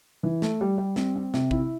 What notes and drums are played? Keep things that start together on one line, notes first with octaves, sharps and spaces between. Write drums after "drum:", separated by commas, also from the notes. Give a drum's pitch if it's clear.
E3
A3, drum: snare
G3
G3
C4, drum: snare
C4
C3, drum: snare
E4, drum: kick